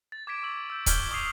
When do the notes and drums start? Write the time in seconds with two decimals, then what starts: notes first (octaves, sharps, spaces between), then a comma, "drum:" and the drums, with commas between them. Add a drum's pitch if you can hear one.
0.12 A6
0.27 D6 G#6 A6 B6 D7 E7
0.42 C#6 E6 F#7
0.70 E6 G6
0.86 D6 F6 G6 G#6 B6 G7, drum: kick C#1, hi-hat
1.11 C#6 D#6 F6 G6 C7 F7